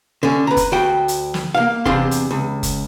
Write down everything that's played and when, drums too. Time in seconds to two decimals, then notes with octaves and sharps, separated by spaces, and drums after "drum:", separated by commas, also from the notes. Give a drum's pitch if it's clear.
0.23 D3 C#4
0.47 B4 A#5
0.57 drum: kick F1, hi-hat
0.72 D2 F#4 G5
1.08 drum: hi-hat
1.34 drum: snare
1.55 A#3 F5
1.85 E2 C3 C4 D4 F5 C6, drum: kick F1
2.11 drum: hi-hat
2.31 C#2
2.63 drum: kick F1, hi-hat